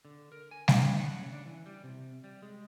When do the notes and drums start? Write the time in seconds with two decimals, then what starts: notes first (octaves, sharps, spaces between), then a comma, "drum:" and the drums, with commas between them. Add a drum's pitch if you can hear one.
0.05 D3
0.32 A#4
0.51 G#5
0.68 C#4, drum: snare G3
0.99 F#5
1.19 C#3
1.32 D4
1.46 E3
1.66 G3
1.84 C3
2.24 G3
2.42 G#3